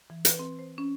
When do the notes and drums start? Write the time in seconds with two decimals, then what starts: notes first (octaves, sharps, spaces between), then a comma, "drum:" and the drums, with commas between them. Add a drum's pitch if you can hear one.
0.10 E3
0.25 B4, drum: hi-hat
0.39 C4
0.59 C5
0.78 C#4